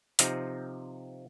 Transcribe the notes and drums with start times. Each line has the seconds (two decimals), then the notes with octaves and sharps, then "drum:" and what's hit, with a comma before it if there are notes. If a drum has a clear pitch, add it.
0.19 C3 F3 C4 D#4, drum: hi-hat